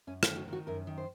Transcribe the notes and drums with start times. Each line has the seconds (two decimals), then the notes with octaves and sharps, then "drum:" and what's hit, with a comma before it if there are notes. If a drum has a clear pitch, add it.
0.07 F#2 C#4
0.23 F4, drum: rim click
0.27 D#3
0.37 F#4
0.48 D#3 F#4
0.67 F#2 A#4
0.87 D#3
0.98 C5